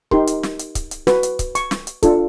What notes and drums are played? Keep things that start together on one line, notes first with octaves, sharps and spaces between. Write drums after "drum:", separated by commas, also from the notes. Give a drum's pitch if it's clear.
D#4 G4 A#4 C6, drum: kick C#1
drum: hi-hat
drum: snare
drum: hi-hat
drum: kick C#1, hi-hat
drum: hi-hat
F#4 B4, drum: snare
drum: hi-hat
drum: kick C#1, hi-hat
C#6, drum: hi-hat
drum: snare
drum: hi-hat
D4 F4 A4, drum: kick C#1, hi-hat